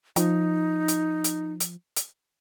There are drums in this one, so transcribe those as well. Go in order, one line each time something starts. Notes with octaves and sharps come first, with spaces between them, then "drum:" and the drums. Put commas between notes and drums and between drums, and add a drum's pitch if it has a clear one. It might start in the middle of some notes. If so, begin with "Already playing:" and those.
F3 D#4, drum: hi-hat
drum: hi-hat
drum: hi-hat
drum: hi-hat
drum: hi-hat